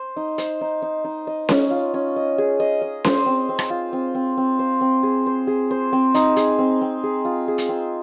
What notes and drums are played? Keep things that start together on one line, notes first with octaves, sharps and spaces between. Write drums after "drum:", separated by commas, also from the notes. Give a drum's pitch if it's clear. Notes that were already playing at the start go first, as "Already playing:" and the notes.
Already playing: C5
D#4
C5, drum: hi-hat
D#4
D#4
D#4
D#5
C#4, drum: snare C#4
F4
C#4
D#5
G#4
D#5
D#5
C5, drum: snare C#4
C4
C4
drum: rim click
F4
C4
C4
C4
C5
C4
G#4
C5
G#4
C5
C4
D#4, drum: hi-hat
G#4, drum: hi-hat
C4
C4
G#4
F4
G#4
drum: hi-hat
C4